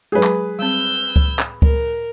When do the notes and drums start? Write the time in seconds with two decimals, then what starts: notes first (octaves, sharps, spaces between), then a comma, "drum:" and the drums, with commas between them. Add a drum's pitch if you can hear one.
0.12 F#3 G#3 G#4 B4
0.23 drum: clap
0.59 G3 C4 E6 G6
1.16 drum: kick C#2
1.39 drum: clap
1.62 A#4, drum: kick C#2